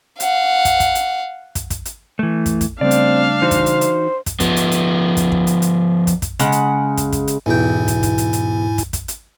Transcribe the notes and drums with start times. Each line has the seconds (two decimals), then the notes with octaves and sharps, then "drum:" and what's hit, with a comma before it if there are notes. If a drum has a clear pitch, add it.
0.20 F5 F#5, drum: hi-hat
0.65 drum: kick, hi-hat
0.80 drum: kick, hi-hat
0.95 drum: hi-hat
1.55 drum: kick, hi-hat
1.70 drum: kick, hi-hat
1.85 drum: hi-hat
2.19 E3 A3
2.46 drum: kick, hi-hat
2.61 drum: kick, hi-hat
2.81 C#3 G3 A3 C4 D4 D5 F5
2.91 drum: hi-hat
3.42 E3 D#4 F#4 C5
3.51 drum: kick, hi-hat
3.66 drum: hi-hat
3.81 drum: hi-hat
4.26 drum: kick, hi-hat
4.40 F3 B3, drum: kick, hi-hat
4.56 drum: hi-hat
4.72 drum: hi-hat
5.17 drum: kick, hi-hat
5.32 drum: kick
5.47 drum: hi-hat
5.62 drum: hi-hat
6.07 drum: kick, hi-hat
6.22 drum: kick, hi-hat
6.39 C#3 G#3 F#5, drum: hi-hat
6.52 drum: hi-hat
6.97 drum: kick, hi-hat
7.12 drum: kick, hi-hat
7.28 drum: hi-hat
7.46 B1 E2 G#2 E4 G5 G#5
7.88 drum: kick, hi-hat
8.03 drum: kick, hi-hat
8.18 drum: hi-hat
8.33 drum: hi-hat
8.78 drum: kick, hi-hat
8.93 drum: kick, hi-hat
9.08 drum: hi-hat